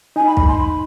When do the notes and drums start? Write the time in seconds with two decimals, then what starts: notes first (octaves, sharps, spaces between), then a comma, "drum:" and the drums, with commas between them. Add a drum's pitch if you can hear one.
0.16 D#4 G#5
0.26 B5
0.37 B5, drum: kick
0.47 C6
0.57 B5